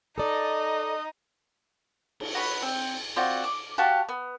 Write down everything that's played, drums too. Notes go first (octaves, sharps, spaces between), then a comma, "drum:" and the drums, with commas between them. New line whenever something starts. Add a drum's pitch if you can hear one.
D#4 A4 D5 D#5
drum: cymbal
F#4 B4 C#5 B5
C4
C4 F4 F#4 D5
D6
F#4 G4 F5 A5
B3